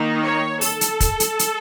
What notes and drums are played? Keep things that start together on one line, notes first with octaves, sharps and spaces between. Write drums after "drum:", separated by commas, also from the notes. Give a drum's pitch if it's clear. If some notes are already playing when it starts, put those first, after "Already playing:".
Already playing: D#3 A#3 D#4
C#5
A4, drum: open hi-hat
drum: hi-hat
drum: kick, hi-hat
drum: hi-hat
drum: hi-hat